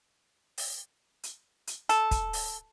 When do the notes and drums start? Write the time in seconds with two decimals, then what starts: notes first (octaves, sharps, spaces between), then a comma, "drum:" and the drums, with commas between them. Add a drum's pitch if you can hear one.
0.58 drum: open hi-hat
1.23 drum: hi-hat
1.67 drum: hi-hat
1.89 A4, drum: hi-hat
2.11 drum: kick, hi-hat
2.33 drum: open hi-hat